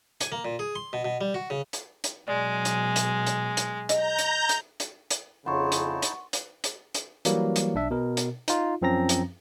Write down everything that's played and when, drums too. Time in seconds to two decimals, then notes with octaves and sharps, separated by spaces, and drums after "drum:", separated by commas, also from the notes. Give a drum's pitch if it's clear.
0.21 G#5, drum: hi-hat
0.32 A#3
0.45 A#2
0.59 G#4
0.75 C6
0.93 B2
1.05 B2
1.21 G3
1.34 F#4
1.50 C#3
1.73 drum: hi-hat
2.04 drum: hi-hat
2.28 B2 F#3 G#3 D5
2.65 drum: hi-hat
2.96 drum: hi-hat
3.27 drum: hi-hat
3.57 drum: hi-hat
3.89 D#5 A#5 G6, drum: hi-hat
4.19 drum: hi-hat
4.49 drum: hi-hat
4.80 drum: hi-hat
5.10 drum: hi-hat
5.46 F2 C#3 D#4 E4 F#5 A5 C6 C#6
5.72 drum: hi-hat
6.02 drum: hi-hat
6.33 drum: hi-hat
6.64 drum: hi-hat
6.94 drum: hi-hat
7.25 E3 F#3 G3 A#3, drum: hi-hat
7.56 drum: hi-hat
7.75 B1 D4 E5
7.91 B2 A#4
8.17 drum: hi-hat
8.48 D#4 F4, drum: hi-hat
8.82 F#2 F3 C4 C#4 A#5 A#6
9.09 drum: hi-hat